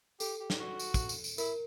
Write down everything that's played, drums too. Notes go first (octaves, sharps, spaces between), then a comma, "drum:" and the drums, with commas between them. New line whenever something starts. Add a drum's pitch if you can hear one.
G4 A4, drum: tambourine
G4
drum: snare
F#4
drum: tambourine
drum: kick, tambourine
drum: tambourine
drum: tambourine
E4 A#4, drum: tambourine